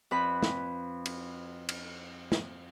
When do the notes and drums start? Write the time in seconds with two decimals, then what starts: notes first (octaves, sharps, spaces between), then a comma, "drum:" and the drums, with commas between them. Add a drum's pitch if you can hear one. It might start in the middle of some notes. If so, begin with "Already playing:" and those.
0.11 F2 B4 B5
0.43 drum: snare
1.06 drum: cymbal
1.69 drum: cymbal
2.32 drum: snare